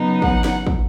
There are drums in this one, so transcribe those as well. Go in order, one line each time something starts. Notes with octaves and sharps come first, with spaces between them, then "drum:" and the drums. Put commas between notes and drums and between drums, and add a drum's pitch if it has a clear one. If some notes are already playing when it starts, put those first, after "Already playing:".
Already playing: C#3 F#3 B3 D#4
F#5, drum: kick
drum: snare
drum: kick